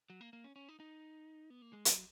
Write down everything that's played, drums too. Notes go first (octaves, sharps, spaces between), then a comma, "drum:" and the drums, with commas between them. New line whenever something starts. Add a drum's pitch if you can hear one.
F#3
A#3
A#3
C#4
C#4
D#4
D#4
B3
A#3
G#3
F#3, drum: hi-hat